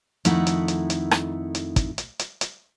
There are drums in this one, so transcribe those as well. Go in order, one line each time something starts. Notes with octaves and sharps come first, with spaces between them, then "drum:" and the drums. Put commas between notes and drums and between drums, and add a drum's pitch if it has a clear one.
F2 D#3 A3 D#4 E4 F#5, drum: hi-hat
drum: hi-hat
drum: hi-hat
drum: hi-hat
drum: rim click
drum: hi-hat
drum: kick, hi-hat
drum: hi-hat
drum: hi-hat
drum: hi-hat